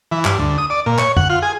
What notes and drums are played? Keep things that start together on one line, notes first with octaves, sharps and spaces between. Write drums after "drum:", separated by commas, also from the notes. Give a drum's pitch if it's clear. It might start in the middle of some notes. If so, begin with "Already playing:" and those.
E3
G2, drum: clap
D2
D#6
D5
A#2
C#5, drum: clap
F#5, drum: tom F2
F4
G#4